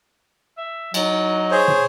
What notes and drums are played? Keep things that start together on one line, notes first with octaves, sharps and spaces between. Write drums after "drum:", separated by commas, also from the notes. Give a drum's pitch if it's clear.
E5
F#3 D#4, drum: cymbal
G#4 C5 C#5
drum: tom